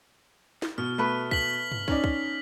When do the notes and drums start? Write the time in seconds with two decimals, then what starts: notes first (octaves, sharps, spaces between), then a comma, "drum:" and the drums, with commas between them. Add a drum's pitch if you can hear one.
0.62 drum: snare
0.78 B2 F6
0.98 A3 B3 B4
1.31 B6 F#7, drum: kick
1.72 drum: tom G2
1.88 C#4 D#4 D5, drum: kick
2.04 drum: kick